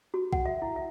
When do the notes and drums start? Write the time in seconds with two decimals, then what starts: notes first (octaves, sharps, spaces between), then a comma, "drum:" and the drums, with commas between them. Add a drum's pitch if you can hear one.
0.14 F#4
0.33 F#5, drum: kick B1
0.46 E5
0.62 E4
0.76 E5